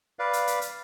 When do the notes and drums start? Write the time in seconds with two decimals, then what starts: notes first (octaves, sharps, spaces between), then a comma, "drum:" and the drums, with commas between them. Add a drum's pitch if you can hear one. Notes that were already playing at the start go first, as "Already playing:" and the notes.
0.19 B4 D5 F5
0.33 drum: hi-hat
0.47 drum: hi-hat
0.61 drum: hi-hat